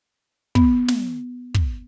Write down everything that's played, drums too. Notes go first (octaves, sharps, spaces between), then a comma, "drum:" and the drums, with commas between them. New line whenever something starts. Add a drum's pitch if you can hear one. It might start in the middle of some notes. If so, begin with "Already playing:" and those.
B3, drum: kick
drum: snare
drum: kick